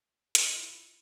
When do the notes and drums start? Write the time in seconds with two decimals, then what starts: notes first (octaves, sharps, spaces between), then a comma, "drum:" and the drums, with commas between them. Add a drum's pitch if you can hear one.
0.35 D#4, drum: hi-hat
0.56 F4
0.60 E4